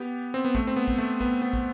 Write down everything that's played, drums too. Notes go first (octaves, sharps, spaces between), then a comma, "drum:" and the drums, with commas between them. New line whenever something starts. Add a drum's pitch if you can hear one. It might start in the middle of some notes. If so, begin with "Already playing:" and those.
Already playing: B3 G4
C4
B3
A3, drum: kick
C4
B3
drum: kick
A3
B3, drum: kick
B3
drum: kick